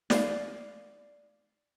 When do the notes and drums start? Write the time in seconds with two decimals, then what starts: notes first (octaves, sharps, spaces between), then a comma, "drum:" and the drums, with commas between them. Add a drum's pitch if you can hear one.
0.10 D5 F5, drum: snare